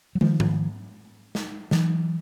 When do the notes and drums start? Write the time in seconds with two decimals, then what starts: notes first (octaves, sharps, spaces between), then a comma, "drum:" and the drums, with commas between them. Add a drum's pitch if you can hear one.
0.15 F#3
0.21 D#3 F3, drum: tom
0.40 drum: tom G#2
1.35 drum: snare
1.71 E3 F#3, drum: snare